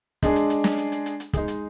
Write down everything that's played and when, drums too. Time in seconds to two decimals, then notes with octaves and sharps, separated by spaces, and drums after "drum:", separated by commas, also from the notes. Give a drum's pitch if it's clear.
0.23 G#3 D4 G#4, drum: kick, hi-hat
0.36 drum: hi-hat
0.50 drum: hi-hat
0.64 drum: snare
0.78 drum: hi-hat
0.92 drum: hi-hat
1.06 drum: hi-hat
1.20 drum: hi-hat
1.33 G#3 D#4 G#4, drum: kick, hi-hat
1.48 drum: hi-hat